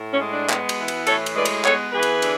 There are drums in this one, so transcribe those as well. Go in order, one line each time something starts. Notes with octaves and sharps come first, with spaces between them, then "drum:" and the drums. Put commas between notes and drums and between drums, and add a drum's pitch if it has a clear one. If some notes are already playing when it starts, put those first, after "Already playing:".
Already playing: A2
C#4
G#3
D4
B3, drum: clap
drum: cymbal
E3
drum: cymbal
A2 A4 C#5, drum: cymbal
drum: cymbal
G#3 B4 D5
drum: cymbal
B3 A4 C#5, drum: clap
E3 G#4 B4
drum: cymbal
D3, drum: cymbal